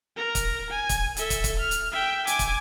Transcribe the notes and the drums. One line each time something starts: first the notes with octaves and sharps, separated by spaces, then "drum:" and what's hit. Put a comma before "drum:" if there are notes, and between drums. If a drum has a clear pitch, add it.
A#4 A#5
drum: kick, hi-hat
G#5
drum: kick, hi-hat
A4 E5, drum: hi-hat
drum: kick, hi-hat
drum: kick, hi-hat
F6
drum: hi-hat
E5 G5
G#5 D6, drum: hi-hat
drum: kick, hi-hat